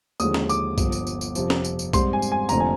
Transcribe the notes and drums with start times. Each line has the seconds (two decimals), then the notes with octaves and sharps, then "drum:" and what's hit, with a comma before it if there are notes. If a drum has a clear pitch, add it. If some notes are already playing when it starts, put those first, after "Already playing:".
0.20 D#2 D3 F3 G#3 D#6, drum: tambourine
0.34 drum: snare
0.49 D6, drum: tambourine
0.78 G1 G2 F3, drum: kick B1, tambourine
0.92 drum: tambourine
1.07 drum: tambourine
1.21 drum: tambourine
1.35 F2 C3 F3, drum: tambourine
1.50 drum: snare
1.65 drum: tambourine
1.79 drum: tambourine
1.93 G#2 G3 C4 C6, drum: kick B1, tambourine
2.13 G#5
2.22 drum: tambourine
2.32 G#5
2.49 F1 F2 D3 F3 A#3 A#5, drum: tambourine
2.60 G#5